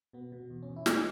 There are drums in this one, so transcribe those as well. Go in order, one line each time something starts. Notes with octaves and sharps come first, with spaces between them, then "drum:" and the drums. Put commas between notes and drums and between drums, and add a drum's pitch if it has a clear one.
B2 B3
B2
E2
C#4
E2
E4
G#3 D#4, drum: snare